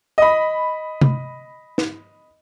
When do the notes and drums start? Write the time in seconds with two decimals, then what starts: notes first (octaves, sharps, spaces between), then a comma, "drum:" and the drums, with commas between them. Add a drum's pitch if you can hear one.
0.18 D#5 B5
1.01 drum: tom C3
1.78 drum: snare